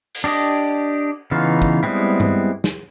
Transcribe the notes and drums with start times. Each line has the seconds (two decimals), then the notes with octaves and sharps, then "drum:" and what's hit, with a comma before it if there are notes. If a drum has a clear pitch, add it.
0.14 drum: cymbal
0.24 D4 G4 D#5
1.31 C#3 E3 B3 D#4 F4
1.62 drum: kick
1.83 G3 G#3 B3 C4 E4
2.20 drum: tom G2
2.64 drum: snare